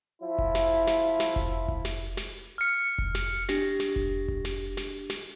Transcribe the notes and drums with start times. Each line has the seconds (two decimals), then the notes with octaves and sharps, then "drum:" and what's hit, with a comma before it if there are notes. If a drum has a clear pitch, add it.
0.22 F3 E4
0.38 drum: kick F1
0.55 drum: snare
0.87 drum: snare
1.20 drum: snare
1.36 drum: kick F1
1.68 drum: kick F1
1.85 drum: snare
2.17 drum: snare
2.58 F6 C#7
2.98 drum: kick F1
3.15 drum: snare
3.49 D4 G4 A#6, drum: snare
3.80 drum: snare
3.96 drum: kick F1
4.28 drum: kick F1
4.45 drum: snare
4.77 drum: snare
5.10 drum: snare